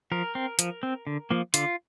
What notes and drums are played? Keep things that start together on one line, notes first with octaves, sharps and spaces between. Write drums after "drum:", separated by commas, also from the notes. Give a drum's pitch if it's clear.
F3 A#4
C4
F3, drum: hi-hat
C4
D3
F3 A#3
D3 F4, drum: hi-hat